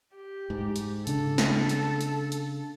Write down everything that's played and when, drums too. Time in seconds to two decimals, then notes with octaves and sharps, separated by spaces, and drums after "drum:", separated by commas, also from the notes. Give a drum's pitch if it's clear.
0.16 G4
0.50 G#2
0.76 drum: hi-hat
1.07 C#3 D4 A4, drum: hi-hat
1.38 drum: snare
1.69 drum: hi-hat
2.01 drum: hi-hat
2.32 drum: hi-hat